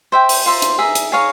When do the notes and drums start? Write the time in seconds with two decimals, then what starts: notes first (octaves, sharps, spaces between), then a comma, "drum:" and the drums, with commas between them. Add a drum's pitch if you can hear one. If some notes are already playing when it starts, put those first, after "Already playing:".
0.12 C5 E5 G5
0.29 drum: open hi-hat
0.46 F4 C5 E5 A#5
0.62 drum: hi-hat
0.78 G#4 E5 A#5
0.95 drum: hi-hat
1.12 G#4 C#5 F5 A#5